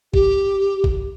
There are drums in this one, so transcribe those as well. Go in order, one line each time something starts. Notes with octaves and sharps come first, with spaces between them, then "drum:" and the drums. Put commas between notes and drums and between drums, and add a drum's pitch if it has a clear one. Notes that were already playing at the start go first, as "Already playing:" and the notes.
G4, drum: kick G#1
drum: kick G#1